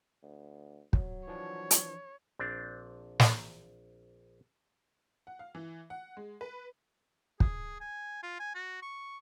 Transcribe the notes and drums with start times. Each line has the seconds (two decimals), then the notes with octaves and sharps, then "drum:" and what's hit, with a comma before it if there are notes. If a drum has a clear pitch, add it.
0.23 D2
0.93 F#3, drum: kick
1.27 E3 F3 D4 C#5
1.71 drum: hi-hat
2.39 A#1 C4 D4
3.20 drum: snare
5.27 F#5
5.39 F5
5.55 E3
5.90 F#5
6.17 G#3
6.41 B4
7.40 G#4, drum: kick
7.81 G#5
8.23 F4
8.40 G#5
8.55 F#4
8.82 C#6